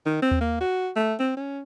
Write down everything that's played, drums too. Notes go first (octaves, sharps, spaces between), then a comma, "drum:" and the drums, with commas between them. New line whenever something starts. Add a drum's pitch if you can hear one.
D#3
C4
drum: tom D#2
A#3
F#4
A3
C4
C#4